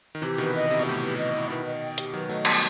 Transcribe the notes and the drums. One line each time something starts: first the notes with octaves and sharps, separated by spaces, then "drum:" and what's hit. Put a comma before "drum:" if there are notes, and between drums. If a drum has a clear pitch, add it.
D#3
C3 E3 G4
B2 D#3 B4
D#5
C3 E4
B2
A2 C3 G4
B4
D#5
E4
B2 D#3 B4
D#5
G5
G4, drum: hi-hat
D#3 F#3 B4
F#3 A3 D#5
G3 B3 G5, drum: cymbal